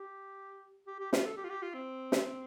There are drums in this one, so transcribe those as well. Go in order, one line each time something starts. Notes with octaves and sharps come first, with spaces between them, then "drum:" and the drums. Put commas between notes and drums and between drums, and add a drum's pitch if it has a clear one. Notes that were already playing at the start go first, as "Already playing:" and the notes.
Already playing: G4
G4
G4
F4, drum: snare
A4
G4
F4
G4
F4
C4
drum: snare